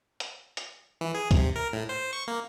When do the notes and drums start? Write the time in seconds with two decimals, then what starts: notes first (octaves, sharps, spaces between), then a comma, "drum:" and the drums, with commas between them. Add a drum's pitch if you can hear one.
0.20 drum: hi-hat
0.57 drum: hi-hat
1.01 E3
1.15 G#4
1.31 C3, drum: kick, hi-hat
1.56 A#4
1.73 A2
1.89 C5
2.13 C#6
2.28 A#3